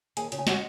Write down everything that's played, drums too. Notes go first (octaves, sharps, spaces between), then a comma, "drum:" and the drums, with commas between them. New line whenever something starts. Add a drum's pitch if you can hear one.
D#2 G#4 G#5, drum: hi-hat
C#3, drum: hi-hat
G#5
G#3 F#4 F#5, drum: snare